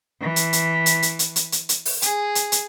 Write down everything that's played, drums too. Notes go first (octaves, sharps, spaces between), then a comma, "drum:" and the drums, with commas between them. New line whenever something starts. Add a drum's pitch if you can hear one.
E3
drum: hi-hat
drum: hi-hat
drum: hi-hat
drum: hi-hat
drum: hi-hat
drum: hi-hat
drum: hi-hat
drum: hi-hat
drum: open hi-hat
G#4, drum: hi-hat
drum: hi-hat
drum: hi-hat